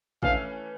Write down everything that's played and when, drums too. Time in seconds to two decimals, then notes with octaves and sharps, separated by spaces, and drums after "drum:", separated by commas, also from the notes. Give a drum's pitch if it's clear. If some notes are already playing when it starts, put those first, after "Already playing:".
0.23 E3 A3 C#4 F5, drum: kick